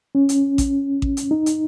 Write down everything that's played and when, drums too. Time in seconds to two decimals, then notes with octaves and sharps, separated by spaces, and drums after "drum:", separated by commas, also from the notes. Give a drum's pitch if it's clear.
0.15 C#4
0.29 drum: hi-hat
0.58 drum: kick A1, hi-hat
1.02 drum: kick A1
1.17 drum: hi-hat
1.31 D#4
1.46 drum: hi-hat